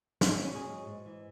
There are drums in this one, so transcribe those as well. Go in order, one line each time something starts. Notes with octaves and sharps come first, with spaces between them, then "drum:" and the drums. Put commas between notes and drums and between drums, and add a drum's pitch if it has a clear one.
D#4, drum: snare
F#3 C#4
B3
C#4
F#3
G#4
G#2
G#2
E3